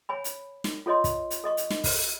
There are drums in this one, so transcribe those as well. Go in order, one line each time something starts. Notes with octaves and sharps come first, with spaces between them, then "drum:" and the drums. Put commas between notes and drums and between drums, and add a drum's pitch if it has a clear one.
C#5 G#5 B5
drum: hi-hat
drum: snare
F4 A4 C#5 D#5 C6
drum: kick, hi-hat
drum: hi-hat
A4 D#5 C#6
drum: hi-hat
drum: snare
drum: kick, open hi-hat